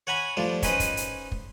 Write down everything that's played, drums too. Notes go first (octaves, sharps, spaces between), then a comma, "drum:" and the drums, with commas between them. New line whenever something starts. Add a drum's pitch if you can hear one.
C#5 F#5 G#5 A#5 B5
F3 G3 A3 D4 F4
C#4 D#4 G#4 B4 C5 D#5, drum: kick, hi-hat
drum: kick, hi-hat
drum: hi-hat
drum: kick